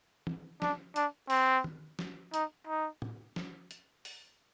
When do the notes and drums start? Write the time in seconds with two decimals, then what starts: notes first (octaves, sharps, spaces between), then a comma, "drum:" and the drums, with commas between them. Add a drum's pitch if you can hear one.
0.27 drum: tom
0.62 D4, drum: snare
0.96 D4, drum: hi-hat
1.30 C4, drum: open hi-hat
1.64 drum: tom
1.99 drum: snare
2.34 D#4, drum: hi-hat
2.68 D#4
3.02 drum: tom
3.36 drum: snare
3.71 drum: hi-hat
4.05 drum: open hi-hat